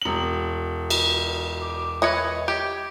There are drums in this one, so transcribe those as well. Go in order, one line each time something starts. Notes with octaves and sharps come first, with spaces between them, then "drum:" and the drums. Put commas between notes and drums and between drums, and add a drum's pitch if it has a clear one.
E1 F#7
drum: cymbal
D6
B4 C#5 D#5 E5
G#6
G4